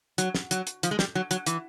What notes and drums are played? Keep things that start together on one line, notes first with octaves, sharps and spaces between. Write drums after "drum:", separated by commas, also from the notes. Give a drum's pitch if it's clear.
F#3, drum: hi-hat
drum: snare
F#3, drum: hi-hat
drum: hi-hat
F3, drum: hi-hat
G#3
G3, drum: snare
F#3
F#3, drum: hi-hat
E3, drum: hi-hat